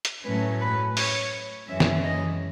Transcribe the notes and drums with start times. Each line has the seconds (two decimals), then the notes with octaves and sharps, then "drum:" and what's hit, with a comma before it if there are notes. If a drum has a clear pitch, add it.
0.05 drum: hi-hat
0.24 A2 F#3 A3 C#4 B4
0.61 B4
0.97 C#5, drum: open hi-hat
1.68 F#2 E3 G#3 C#4 E5
1.80 drum: snare
2.03 D#5